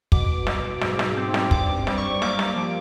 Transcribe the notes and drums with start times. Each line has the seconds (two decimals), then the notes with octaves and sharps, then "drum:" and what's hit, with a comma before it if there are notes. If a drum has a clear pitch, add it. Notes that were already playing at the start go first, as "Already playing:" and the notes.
0.12 B2 D6, drum: kick
0.47 B2, drum: snare
0.81 G#2, drum: snare
0.99 drum: snare
1.17 C4
1.34 drum: snare
1.51 G2 D6, drum: kick
1.75 D6
1.87 G3, drum: snare
1.97 C#6
2.22 A#3 D6, drum: snare
2.39 drum: snare
2.56 F3